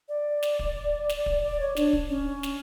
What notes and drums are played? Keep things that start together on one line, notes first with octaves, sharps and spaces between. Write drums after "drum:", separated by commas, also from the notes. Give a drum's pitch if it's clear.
D5
drum: snare
drum: kick
drum: snare
drum: kick
D5
C#5
D4, drum: snare
drum: kick
C#4
drum: snare